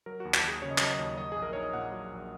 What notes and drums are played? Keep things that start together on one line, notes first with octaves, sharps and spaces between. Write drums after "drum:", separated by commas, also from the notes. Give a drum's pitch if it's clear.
F#3 A#4
D#2 F#4
F#4, drum: clap
D#2 G#4
C#3 C#5
D#5
F#3 C#5, drum: clap
D#5
C#5
D#2
F#3 D#5
A#1 G#4
A#4
D#4 C#5
D#5
A#2 F#5
F#3
A#1